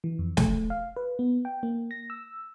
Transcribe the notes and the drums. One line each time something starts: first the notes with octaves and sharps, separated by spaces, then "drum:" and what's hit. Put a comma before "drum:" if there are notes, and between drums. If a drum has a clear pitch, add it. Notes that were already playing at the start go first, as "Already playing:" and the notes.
E3
F2
A3, drum: snare
F5
B4
B3
G5
A#3
A#6
E6